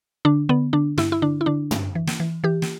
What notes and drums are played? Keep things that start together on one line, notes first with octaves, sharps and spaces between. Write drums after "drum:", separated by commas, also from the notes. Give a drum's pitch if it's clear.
D3 D4
D3 B3
D3 D4
G2 E4, drum: snare
E4
D3 D4
E4
D3 D4
G2, drum: tom
E3
drum: snare
E3
E3 G4
drum: snare